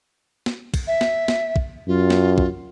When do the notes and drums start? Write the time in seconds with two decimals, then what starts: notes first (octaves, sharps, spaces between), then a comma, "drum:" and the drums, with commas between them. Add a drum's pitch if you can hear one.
0.46 drum: snare
0.74 drum: kick, cymbal
0.87 E5
1.01 drum: snare
1.28 drum: snare
1.56 drum: kick
1.88 F#2 F4
2.10 drum: snare
2.38 drum: kick